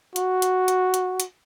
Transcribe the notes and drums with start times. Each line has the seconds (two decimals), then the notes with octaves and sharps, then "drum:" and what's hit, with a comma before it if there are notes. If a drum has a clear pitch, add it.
0.16 F#4, drum: hi-hat
0.42 drum: hi-hat
0.68 drum: hi-hat
0.94 drum: hi-hat
1.20 drum: hi-hat